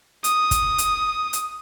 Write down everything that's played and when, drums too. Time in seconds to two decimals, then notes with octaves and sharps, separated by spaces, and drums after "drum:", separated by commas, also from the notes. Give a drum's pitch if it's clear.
0.24 D#6, drum: hi-hat
0.51 drum: kick, hi-hat
0.78 drum: hi-hat
1.33 drum: hi-hat